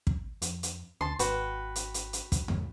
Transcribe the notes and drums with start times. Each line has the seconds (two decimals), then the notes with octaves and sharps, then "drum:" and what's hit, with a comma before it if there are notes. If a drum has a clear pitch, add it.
0.07 drum: kick
0.42 F2, drum: hi-hat
0.63 drum: hi-hat
1.01 D2 A5 C6
1.19 G#1 F#4 B4 G5, drum: hi-hat
1.76 drum: hi-hat
1.94 drum: hi-hat
2.13 drum: hi-hat
2.32 drum: kick, hi-hat
2.48 G#2, drum: tom E2